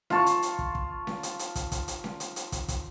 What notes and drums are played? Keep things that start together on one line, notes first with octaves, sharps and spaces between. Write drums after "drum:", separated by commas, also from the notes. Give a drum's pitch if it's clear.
F4 A5 C#6, drum: snare C#4
drum: hi-hat
drum: hi-hat
drum: kick
drum: kick
drum: snare C#4
drum: hi-hat
drum: hi-hat
drum: kick, hi-hat
drum: kick, hi-hat
drum: hi-hat
drum: snare C#4
drum: hi-hat
drum: hi-hat
drum: kick, hi-hat
drum: kick, hi-hat